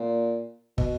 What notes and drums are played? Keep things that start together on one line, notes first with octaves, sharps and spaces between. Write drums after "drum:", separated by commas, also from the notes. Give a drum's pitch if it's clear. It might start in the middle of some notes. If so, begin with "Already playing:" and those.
Already playing: A#2
B2, drum: kick